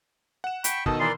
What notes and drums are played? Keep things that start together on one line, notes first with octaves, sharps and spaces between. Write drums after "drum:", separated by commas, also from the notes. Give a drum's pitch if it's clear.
F#5 E7
G5 B5 C#6, drum: hi-hat
B2 D#3 A4 D#5 D#6, drum: kick
E3 A#4 D5 C6